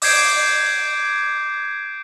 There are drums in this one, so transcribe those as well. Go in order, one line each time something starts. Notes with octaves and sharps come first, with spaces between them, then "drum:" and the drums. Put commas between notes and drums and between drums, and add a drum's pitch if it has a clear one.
D6 D#6 G6 G#6 C7 D7, drum: open hi-hat